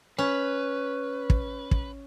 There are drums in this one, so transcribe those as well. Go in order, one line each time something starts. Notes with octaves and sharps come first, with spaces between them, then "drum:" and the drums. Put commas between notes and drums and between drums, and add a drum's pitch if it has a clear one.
C#4 B4
drum: kick
drum: kick